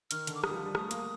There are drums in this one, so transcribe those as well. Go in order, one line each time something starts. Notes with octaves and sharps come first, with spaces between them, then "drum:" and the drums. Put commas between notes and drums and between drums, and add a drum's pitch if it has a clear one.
D#3 F6, drum: hi-hat
D3, drum: hi-hat
D6
D#6, drum: rim click
G3
F3
G3
A3 D#6, drum: rim click
A#3, drum: hi-hat